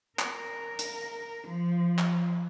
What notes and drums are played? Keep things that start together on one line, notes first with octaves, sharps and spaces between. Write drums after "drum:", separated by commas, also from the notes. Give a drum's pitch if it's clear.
A#4, drum: clap
drum: hi-hat
F3
drum: clap